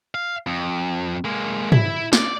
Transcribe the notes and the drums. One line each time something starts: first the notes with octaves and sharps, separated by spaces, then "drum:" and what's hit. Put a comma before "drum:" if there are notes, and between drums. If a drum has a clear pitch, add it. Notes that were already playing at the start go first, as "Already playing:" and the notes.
F5
F2
G#3 A#3
E4, drum: tom
D5, drum: snare